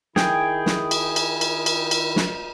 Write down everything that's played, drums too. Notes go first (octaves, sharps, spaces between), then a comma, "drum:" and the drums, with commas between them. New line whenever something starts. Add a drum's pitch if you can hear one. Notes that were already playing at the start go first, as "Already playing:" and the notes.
D#3 E4 G#4 G5, drum: snare
drum: snare
drum: cymbal
drum: cymbal
drum: cymbal
drum: cymbal
drum: cymbal
drum: snare